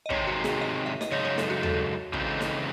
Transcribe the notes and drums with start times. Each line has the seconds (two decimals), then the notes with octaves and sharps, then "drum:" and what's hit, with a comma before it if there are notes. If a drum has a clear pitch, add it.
0.06 D#5
0.10 C3 D#3 G#3 C4 C#5, drum: kick
0.27 F#4
0.44 G#4, drum: snare
0.61 D#5
0.86 E5
1.01 D#5, drum: snare
1.12 F#2 C#3 G#3 D#4 C#5
1.25 C#5
1.38 A4, drum: snare
1.50 F#4
1.63 A4, drum: tom D#2
2.13 C#3 E3 G#3 C4 D#4, drum: kick
2.41 drum: snare